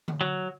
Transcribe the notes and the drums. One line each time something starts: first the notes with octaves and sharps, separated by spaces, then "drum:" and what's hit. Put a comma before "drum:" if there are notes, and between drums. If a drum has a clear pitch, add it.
drum: tom D3
F#3